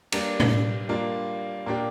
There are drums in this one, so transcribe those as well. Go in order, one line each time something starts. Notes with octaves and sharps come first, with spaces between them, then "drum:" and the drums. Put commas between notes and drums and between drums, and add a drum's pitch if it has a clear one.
G3 A#3 D4, drum: cymbal
drum: tom
G3 A#3 D4 F4
A#2 A#3 D4 G4